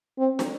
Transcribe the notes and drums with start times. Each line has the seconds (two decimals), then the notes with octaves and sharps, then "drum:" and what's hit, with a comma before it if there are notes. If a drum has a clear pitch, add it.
0.18 C4
0.39 drum: snare